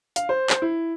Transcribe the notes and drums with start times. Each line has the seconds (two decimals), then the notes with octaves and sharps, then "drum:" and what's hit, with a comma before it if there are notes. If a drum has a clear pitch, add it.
0.16 F5, drum: hi-hat
0.29 C5
0.50 C5, drum: clap
0.62 E4